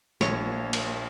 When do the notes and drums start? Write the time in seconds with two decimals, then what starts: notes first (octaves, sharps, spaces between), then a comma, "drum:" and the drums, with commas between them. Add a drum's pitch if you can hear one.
0.21 A#1 A#3 C#5, drum: snare
0.73 drum: cymbal